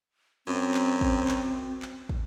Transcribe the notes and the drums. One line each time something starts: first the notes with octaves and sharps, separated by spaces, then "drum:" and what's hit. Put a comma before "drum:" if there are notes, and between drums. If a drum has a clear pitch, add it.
F#2 C4
drum: clap
drum: kick
drum: clap
drum: clap
drum: kick